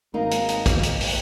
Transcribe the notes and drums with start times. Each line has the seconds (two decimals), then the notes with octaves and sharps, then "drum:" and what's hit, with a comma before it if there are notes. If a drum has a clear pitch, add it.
0.14 G#1 A#3 D#4 A#5
0.31 drum: hi-hat
0.49 drum: hi-hat
0.66 drum: kick, hi-hat
0.83 drum: hi-hat
1.00 drum: open hi-hat